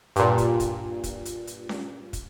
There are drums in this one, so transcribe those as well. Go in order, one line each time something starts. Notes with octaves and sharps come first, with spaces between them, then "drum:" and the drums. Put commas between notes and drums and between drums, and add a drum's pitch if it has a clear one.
G2 A#2, drum: hi-hat
drum: kick, hi-hat
drum: kick, hi-hat
drum: kick, hi-hat
drum: hi-hat
drum: hi-hat
drum: snare C#4
drum: kick, hi-hat